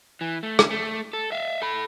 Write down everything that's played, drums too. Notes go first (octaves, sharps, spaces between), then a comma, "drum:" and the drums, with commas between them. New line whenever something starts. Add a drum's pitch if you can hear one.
E3
A3
drum: rim click
A3
A4
E5 F5
A4 B5